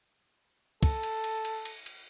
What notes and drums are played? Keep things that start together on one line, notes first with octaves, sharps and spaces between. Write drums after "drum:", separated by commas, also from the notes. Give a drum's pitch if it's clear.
A4, drum: kick, cymbal
drum: cymbal
drum: cymbal
drum: cymbal
drum: cymbal
drum: cymbal